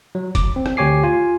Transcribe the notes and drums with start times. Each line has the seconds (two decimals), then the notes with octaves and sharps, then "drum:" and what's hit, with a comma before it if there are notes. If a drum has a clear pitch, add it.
0.15 F#3
0.35 D6, drum: kick, hi-hat
0.56 C4
0.66 drum: rim click
0.77 D2 G4 C#5 G#5 D6 C7
1.03 F4 G#5